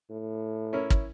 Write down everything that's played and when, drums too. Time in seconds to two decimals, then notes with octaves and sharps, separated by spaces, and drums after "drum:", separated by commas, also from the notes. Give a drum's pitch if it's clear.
0.10 A2
0.73 C#4 E4 A#4
0.90 drum: kick